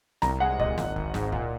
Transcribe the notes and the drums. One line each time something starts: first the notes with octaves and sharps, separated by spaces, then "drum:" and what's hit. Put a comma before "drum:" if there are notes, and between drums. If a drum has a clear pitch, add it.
C2 A#5, drum: snare
G#3 F#5
A#2 D#5, drum: kick C#2
G#1, drum: snare
G#1, drum: kick C#2
G#2, drum: snare
A#2, drum: kick C#2